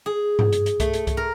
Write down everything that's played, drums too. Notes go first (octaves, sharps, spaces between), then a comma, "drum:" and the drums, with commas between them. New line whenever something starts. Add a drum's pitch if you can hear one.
G#4
drum: tom G2
drum: hi-hat
drum: hi-hat
A3, drum: kick C2, hi-hat
drum: hi-hat
drum: kick C2, hi-hat
A#4